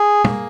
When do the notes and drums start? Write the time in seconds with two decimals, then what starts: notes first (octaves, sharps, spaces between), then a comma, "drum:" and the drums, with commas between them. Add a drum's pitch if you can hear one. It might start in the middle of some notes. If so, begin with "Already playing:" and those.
Already playing: G#4
0.24 A#3, drum: tom